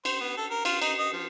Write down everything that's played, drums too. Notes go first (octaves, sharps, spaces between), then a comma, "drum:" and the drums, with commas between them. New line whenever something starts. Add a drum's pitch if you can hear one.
C5, drum: cymbal
B3
A4
A#4
F4, drum: cymbal
D#4, drum: cymbal
D#5
F3